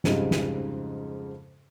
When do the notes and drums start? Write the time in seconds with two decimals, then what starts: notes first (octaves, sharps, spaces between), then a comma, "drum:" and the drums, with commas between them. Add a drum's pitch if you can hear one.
0.04 F2 G#2 C#3 G3 D#4, drum: snare
0.31 drum: snare